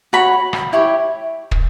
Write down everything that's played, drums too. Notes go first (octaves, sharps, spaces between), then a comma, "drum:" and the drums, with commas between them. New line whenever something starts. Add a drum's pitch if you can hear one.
F#4 C#5 B5
drum: rim click
E4 G4 C#5
drum: kick